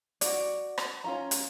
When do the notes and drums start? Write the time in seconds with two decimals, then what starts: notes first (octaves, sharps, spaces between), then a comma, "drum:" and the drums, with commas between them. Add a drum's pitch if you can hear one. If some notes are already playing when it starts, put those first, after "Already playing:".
0.21 F#4 D5, drum: hi-hat
0.78 drum: rim click
1.04 C#4 F4 A#5
1.31 drum: hi-hat